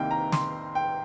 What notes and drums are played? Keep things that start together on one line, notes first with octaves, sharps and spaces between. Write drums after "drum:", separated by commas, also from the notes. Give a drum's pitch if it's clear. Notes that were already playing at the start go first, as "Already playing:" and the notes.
Already playing: C2 C3 D#3 A#3 G5
A#5
C6, drum: snare
G5